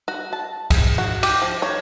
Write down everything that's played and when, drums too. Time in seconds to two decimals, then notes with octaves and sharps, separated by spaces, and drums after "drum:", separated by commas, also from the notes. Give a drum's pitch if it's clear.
0.08 F#4
0.33 A5
0.70 G#4, drum: kick, cymbal
0.98 F#4
1.23 G4, drum: cymbal
1.42 F3
1.62 C#5